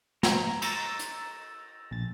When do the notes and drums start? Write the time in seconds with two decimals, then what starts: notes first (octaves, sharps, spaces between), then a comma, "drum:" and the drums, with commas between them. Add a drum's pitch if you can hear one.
0.23 A#5, drum: snare
0.62 A#5 E6 A6 A#6, drum: cymbal
0.99 drum: hi-hat
1.91 A#1 A6